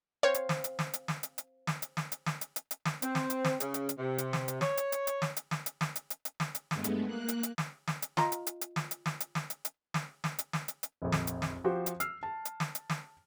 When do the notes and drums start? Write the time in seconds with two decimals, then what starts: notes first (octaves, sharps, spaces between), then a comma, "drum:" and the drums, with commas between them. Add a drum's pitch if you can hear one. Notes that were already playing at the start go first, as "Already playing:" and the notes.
0.23 C4 C5 C#5 F5
0.34 drum: hi-hat
0.49 drum: snare
0.64 drum: hi-hat
0.79 drum: snare
0.93 drum: hi-hat
1.08 drum: snare
1.23 drum: hi-hat
1.38 drum: hi-hat
1.67 drum: snare
1.82 drum: hi-hat
1.97 drum: snare
2.12 drum: hi-hat
2.26 drum: snare
2.41 drum: hi-hat
2.56 drum: hi-hat
2.71 drum: hi-hat
2.85 drum: snare
3.02 C4, drum: hi-hat
3.15 drum: snare
3.30 drum: hi-hat
3.45 drum: snare
3.60 C#3, drum: hi-hat
3.74 drum: hi-hat
3.89 drum: hi-hat
3.98 C3
4.18 drum: hi-hat
4.33 drum: snare
4.48 drum: hi-hat
4.61 C#5, drum: snare
4.77 drum: hi-hat
4.92 drum: hi-hat
5.07 drum: hi-hat
5.22 drum: snare
5.36 drum: hi-hat
5.51 drum: snare
5.66 drum: hi-hat
5.81 drum: snare
5.96 drum: hi-hat
6.10 drum: hi-hat
6.25 drum: hi-hat
6.40 drum: snare
6.55 drum: hi-hat
6.71 G2 G#3 A3 B3, drum: snare
6.84 drum: hi-hat
7.06 A#3 F#6
7.28 drum: hi-hat
7.43 drum: hi-hat
7.58 drum: snare
7.88 drum: snare
8.02 drum: hi-hat
8.17 F4 D#5 A#5, drum: snare
8.32 drum: hi-hat
8.47 drum: hi-hat
8.61 drum: hi-hat
8.76 drum: snare
8.91 drum: hi-hat
9.06 drum: snare
9.20 drum: hi-hat
9.35 drum: snare
9.50 drum: hi-hat
9.65 drum: hi-hat
9.94 drum: snare
10.24 drum: snare
10.39 drum: hi-hat
10.53 drum: snare
10.68 drum: hi-hat
10.83 drum: hi-hat
11.02 F1 A#1
11.12 drum: snare
11.27 drum: hi-hat
11.42 drum: snare
11.64 F3 F#4 G4 C5
11.86 drum: hi-hat
12.00 E6 F6 C7, drum: hi-hat
12.23 A5
12.45 drum: hi-hat
12.60 drum: snare
12.75 drum: hi-hat
12.90 drum: snare